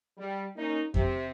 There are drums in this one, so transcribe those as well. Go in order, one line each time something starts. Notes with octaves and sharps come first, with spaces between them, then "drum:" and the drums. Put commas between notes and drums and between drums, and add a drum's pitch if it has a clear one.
G3
A#3 C#4 D#4
C3, drum: kick F2